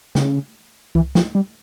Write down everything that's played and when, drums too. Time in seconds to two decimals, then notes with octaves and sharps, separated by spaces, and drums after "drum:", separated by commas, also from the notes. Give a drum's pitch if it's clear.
0.15 C#3, drum: snare
0.95 E3, drum: kick C2
1.15 F3, drum: snare
1.35 G3